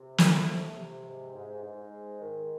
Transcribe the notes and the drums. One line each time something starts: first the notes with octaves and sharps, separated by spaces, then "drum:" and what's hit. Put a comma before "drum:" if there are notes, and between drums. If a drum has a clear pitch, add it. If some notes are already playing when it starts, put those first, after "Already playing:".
Already playing: C3
A3, drum: snare
C3
C3
G#2
G#2
G#2
G#3
D#3